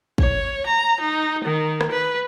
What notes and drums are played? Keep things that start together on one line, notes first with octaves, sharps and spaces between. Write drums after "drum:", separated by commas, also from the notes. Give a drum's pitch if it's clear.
C#5, drum: kick
A#5
D#4
D#3
drum: rim click
B4